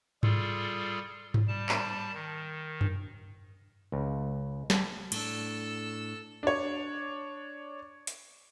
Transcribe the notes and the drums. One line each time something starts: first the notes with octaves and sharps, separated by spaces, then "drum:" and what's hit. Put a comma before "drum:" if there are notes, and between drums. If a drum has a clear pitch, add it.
G3 F4 G#4 A4, drum: tom G#2
drum: tom G#2
G3 A5
drum: clap
D#3
drum: tom F#2
C#2
drum: snare
A2 D4 A4 E6, drum: cymbal
D4 C#5
drum: hi-hat